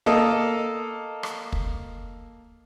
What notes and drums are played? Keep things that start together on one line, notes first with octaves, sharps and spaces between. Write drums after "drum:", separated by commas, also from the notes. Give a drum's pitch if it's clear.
A#3 A4 D#5
drum: rim click
drum: kick